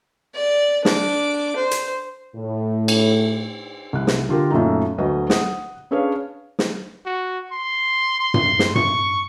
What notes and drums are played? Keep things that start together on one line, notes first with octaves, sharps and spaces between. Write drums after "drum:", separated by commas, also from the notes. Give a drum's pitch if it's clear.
D5
D4 D6, drum: snare
C5
drum: hi-hat
A2
drum: cymbal
C2 F#6
drum: snare
D3 F4 G4 A#4
F#2 A#2 A3 A#3 D#4
D2 D3 F#3 B4 D#5
F#5 D#6, drum: snare
C#4 D4 G#4 B4 C#5 F5
drum: snare
F#4
C6
C6
drum: tom G2
drum: snare
C#6, drum: tom G2